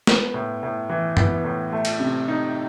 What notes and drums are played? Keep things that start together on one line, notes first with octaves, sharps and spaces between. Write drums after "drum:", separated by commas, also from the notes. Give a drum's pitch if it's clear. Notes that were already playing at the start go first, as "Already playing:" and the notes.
B3, drum: snare
A2
A2
E3
B3, drum: tom F#2
A2
A3
drum: cymbal
C3
D#4